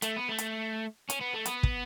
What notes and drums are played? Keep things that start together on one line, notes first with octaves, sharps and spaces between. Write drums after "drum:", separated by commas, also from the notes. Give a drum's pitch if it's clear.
A3, drum: hi-hat
B3
A3
drum: hi-hat
C#4, drum: hi-hat
B3
A3
B3, drum: hi-hat
drum: kick